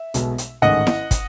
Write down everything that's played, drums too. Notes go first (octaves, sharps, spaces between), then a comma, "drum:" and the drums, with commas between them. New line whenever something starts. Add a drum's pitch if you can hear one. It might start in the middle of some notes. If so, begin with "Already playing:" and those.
Already playing: E5
B1 B2 G#3, drum: hi-hat
drum: hi-hat
A1 G#2 D#3 A3 D#5 F#5
drum: snare E4
drum: kick, hi-hat